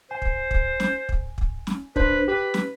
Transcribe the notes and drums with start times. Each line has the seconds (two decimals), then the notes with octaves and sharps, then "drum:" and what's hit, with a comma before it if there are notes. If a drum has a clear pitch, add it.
0.11 C5 G#5
0.22 drum: kick
0.51 drum: kick
0.80 drum: snare
1.09 drum: kick
1.38 drum: kick
1.67 drum: snare
1.96 D4 B4 C5, drum: kick
2.28 G4 B4
2.54 drum: snare